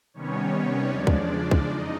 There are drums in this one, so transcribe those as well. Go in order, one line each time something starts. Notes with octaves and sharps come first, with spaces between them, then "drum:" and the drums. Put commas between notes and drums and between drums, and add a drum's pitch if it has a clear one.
C3 D#3 G3 B3 C#4 C#5
E2 C#3 F3 G#3 D4 D5
drum: kick
drum: kick
F2 D#4 D#5